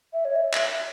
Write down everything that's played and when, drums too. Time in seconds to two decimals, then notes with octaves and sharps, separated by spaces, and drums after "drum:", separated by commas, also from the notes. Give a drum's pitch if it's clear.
0.13 E5
0.25 C#5
0.36 E5
0.54 drum: clap